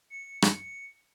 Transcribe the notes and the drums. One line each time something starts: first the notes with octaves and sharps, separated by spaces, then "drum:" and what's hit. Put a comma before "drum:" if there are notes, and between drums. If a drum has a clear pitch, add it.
C#7
drum: rim click